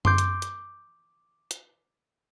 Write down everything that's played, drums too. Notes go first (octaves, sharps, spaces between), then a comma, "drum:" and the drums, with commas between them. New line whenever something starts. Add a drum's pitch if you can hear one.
C6 D6 G6, drum: tom F#2
drum: hi-hat
drum: hi-hat
drum: hi-hat